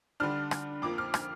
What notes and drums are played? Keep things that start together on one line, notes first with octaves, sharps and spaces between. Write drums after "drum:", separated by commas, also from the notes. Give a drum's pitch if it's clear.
D3 G3 D4 F6
drum: rim click
F2 F3 A#3 D6
F6
F6, drum: rim click